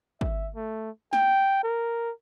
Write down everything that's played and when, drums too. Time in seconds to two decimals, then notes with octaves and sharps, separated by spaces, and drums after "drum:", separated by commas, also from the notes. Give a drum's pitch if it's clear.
0.21 E5, drum: kick
0.56 A3
1.13 G5, drum: snare
1.63 A#4